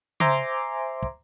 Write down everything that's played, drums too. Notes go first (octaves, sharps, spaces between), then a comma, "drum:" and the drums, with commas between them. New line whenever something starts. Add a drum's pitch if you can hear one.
C5 E5 G#5 A#5 C6 D6, drum: tom C#3
drum: kick